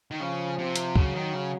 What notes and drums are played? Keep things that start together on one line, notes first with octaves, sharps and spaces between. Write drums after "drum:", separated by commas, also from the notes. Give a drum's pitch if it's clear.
D#3
C#3 F3
C3
drum: hi-hat
C#3 F#3, drum: kick
D#3
C#3